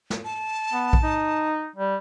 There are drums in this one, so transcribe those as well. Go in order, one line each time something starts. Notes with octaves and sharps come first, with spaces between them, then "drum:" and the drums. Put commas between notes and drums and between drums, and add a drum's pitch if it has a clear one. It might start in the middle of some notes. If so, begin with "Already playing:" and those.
drum: snare
A5
B3
drum: kick A#1
D#4
G3